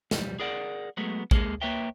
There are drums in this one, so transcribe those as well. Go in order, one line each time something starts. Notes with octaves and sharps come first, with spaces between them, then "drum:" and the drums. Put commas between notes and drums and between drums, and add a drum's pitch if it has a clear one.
B1 F2 G3, drum: snare
G#4 A#4 D5 F#5
F#3 G#3 A3 B3
G#3 A#3 G#4 A4, drum: kick A1
A#3 B4 C#5 E5 G5